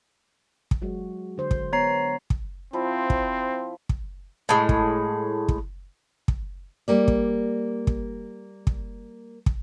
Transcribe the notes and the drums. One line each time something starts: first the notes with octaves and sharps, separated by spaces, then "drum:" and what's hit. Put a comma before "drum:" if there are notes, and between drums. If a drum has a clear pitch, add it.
drum: kick
F#3 G#3 F#4
D3 C5
drum: kick
B3 C#5 A#5 C7
drum: kick
F3 C4 E4 F4
drum: kick
drum: kick
A2 G#3
drum: kick
drum: kick
drum: kick
G3 A#3 D5
drum: kick
drum: kick
drum: kick
drum: kick